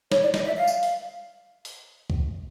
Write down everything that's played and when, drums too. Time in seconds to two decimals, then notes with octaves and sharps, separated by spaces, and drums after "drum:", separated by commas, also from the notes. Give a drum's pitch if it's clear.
0.12 C#5, drum: snare
0.23 D5
0.34 D#5, drum: snare
0.45 E5
0.56 F5
0.68 drum: tambourine
0.83 drum: open hi-hat
1.65 drum: open hi-hat
2.10 drum: kick